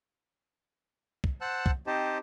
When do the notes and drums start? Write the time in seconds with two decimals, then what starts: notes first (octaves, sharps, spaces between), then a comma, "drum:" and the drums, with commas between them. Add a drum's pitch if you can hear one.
1.24 drum: kick
1.41 C5 F#5 A5 E6 F#6
1.66 drum: kick
1.87 C4 D#4 G4 C5 D#5 A5